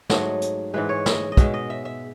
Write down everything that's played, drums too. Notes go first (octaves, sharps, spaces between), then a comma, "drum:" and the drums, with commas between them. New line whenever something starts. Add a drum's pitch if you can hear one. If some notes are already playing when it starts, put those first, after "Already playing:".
G#2 F#3 A3 D#5, drum: snare
drum: hi-hat
G#2 E3 G#3 B4
C#5
D#5, drum: snare
D#5
B2 G#3 E5, drum: kick, hi-hat
D#5
E5
E5